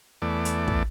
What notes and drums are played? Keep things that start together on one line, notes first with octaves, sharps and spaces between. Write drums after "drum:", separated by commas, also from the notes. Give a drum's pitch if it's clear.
E2 A3 D5
drum: hi-hat
drum: kick